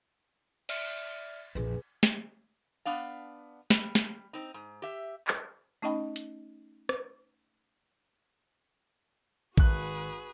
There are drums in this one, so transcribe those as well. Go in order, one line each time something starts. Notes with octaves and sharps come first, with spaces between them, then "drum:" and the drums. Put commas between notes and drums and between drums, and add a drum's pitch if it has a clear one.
D5 E5 F6, drum: cymbal
A#1 F2 G#4 B4
drum: snare
B3 D4 F5
G3, drum: snare
drum: snare
C4 D#4
G#2
G4 E5
drum: clap
A3 C#4 D#4 D#5 G5 B5
drum: hi-hat
drum: rim click
G#1 F#4 G#4 B4 F#6, drum: kick A#1